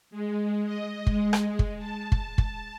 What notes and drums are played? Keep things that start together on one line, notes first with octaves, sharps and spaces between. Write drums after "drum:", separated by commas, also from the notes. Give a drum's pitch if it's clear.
G#3
D#5
G#3, drum: kick
drum: rim click
drum: kick
A5
drum: kick
drum: kick